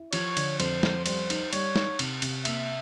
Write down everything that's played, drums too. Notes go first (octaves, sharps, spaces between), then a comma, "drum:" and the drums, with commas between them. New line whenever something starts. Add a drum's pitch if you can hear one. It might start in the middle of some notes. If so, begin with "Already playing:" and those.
Already playing: E4
F3 C#5, drum: cymbal
D3, drum: cymbal
F2 C5, drum: cymbal
F2, drum: snare
G3 C5, drum: cymbal
D#4, drum: cymbal
G3 C#5, drum: cymbal
D#4, drum: snare
C3, drum: cymbal
C3, drum: cymbal
A#3 E5, drum: cymbal